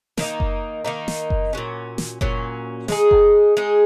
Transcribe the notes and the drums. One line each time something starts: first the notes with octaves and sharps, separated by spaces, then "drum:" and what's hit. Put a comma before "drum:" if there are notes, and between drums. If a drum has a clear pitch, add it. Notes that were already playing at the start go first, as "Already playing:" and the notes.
D#3 A#3 D#4, drum: snare
drum: kick F#1
D#3 A#3 D#4
drum: snare
drum: kick F#1
A#2 F#3 C#4
drum: snare
A#2 F#3 C#4, drum: kick F#1
G#3 D#4 G#4, drum: snare
drum: kick F#1
G#3 D#4 G#4